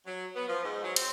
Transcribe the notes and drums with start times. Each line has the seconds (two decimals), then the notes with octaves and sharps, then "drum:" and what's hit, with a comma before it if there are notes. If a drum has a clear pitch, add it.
0.06 F#3
0.36 B3
0.48 F3
0.64 G#2
0.84 F#3
0.96 C4, drum: cymbal